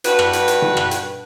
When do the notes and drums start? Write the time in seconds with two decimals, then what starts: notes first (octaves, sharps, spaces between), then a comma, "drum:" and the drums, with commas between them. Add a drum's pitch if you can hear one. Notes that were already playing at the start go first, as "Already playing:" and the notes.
0.04 G2 F#4 B4, drum: hi-hat
0.19 drum: rim click
0.33 drum: hi-hat
0.48 drum: hi-hat
0.62 drum: tom B2
0.77 drum: rim click
0.91 drum: hi-hat